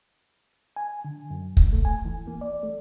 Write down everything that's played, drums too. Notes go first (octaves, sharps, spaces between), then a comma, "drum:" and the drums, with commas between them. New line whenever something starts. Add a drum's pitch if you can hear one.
G#5
D3
F#2
drum: kick
A3
G#5
E3
A#3
D5
A3